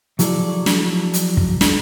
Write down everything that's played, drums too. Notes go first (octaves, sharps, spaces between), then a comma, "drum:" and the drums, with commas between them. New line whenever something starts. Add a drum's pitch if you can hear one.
F3 F#3 E4 G#4 A4 D5, drum: hi-hat
drum: snare
drum: hi-hat
drum: kick
drum: snare